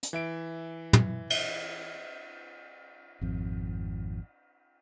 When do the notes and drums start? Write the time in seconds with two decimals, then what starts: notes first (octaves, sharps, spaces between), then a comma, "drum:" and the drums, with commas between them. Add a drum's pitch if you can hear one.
0.03 drum: hi-hat
0.13 E3 E5 D7
0.93 drum: tom
1.30 drum: cymbal
3.21 G#1 F2